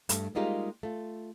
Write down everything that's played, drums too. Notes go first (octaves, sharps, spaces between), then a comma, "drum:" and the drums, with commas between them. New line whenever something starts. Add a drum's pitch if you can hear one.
G2 A3, drum: hi-hat
G3 G#3 A#3 D#4 F4 G4
A3 F4